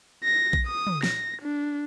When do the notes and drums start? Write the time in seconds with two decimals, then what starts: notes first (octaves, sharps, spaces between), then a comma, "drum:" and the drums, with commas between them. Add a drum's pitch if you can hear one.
0.24 A#6
0.53 drum: kick A#1
0.67 D#6
0.87 drum: tom
1.03 A#6, drum: snare
1.42 D4